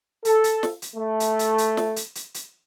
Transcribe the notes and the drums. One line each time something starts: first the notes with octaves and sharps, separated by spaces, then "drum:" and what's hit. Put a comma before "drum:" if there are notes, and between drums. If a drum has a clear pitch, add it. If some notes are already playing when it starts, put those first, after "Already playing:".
A4, drum: hi-hat
drum: hi-hat
drum: snare
drum: hi-hat
A3
drum: hi-hat
drum: hi-hat
drum: hi-hat
drum: snare
drum: hi-hat
drum: hi-hat
drum: hi-hat